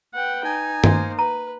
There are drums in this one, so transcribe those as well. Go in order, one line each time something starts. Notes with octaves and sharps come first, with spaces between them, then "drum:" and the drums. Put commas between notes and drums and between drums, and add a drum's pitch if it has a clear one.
B4 F#5 G5
D#4 G#5
A#3 C5, drum: tom G2
B4 A#5